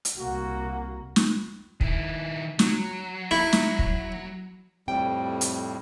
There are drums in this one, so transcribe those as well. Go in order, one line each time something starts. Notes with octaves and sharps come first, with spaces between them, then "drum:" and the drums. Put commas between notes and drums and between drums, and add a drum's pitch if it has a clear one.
drum: hi-hat
C2 A#3 F#4
drum: snare
D#3 E4, drum: kick
F#3, drum: snare
E4
drum: snare
drum: kick
F2 A2 C3 G3 G5
drum: hi-hat